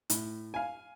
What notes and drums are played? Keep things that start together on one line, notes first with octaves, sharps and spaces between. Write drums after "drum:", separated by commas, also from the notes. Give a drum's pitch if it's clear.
A2, drum: hi-hat
F5 G#5